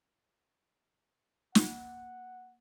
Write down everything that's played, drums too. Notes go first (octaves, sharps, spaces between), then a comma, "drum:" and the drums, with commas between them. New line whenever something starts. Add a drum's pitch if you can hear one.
A#3 F#5, drum: snare